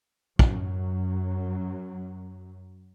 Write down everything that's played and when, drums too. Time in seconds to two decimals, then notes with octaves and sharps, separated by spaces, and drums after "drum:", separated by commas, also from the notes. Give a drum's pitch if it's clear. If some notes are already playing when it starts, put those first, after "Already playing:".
0.39 F#2 F#3, drum: kick